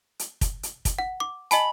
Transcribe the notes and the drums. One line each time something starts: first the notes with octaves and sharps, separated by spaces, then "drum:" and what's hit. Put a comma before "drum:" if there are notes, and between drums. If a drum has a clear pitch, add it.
drum: hi-hat
drum: kick, hi-hat
drum: hi-hat
drum: kick, hi-hat
F#5
D6
D#5 G#5 A5 B5, drum: hi-hat